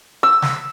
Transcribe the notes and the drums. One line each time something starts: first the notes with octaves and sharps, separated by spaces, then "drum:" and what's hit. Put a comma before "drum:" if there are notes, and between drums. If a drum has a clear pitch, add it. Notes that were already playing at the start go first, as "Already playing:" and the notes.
E6
drum: snare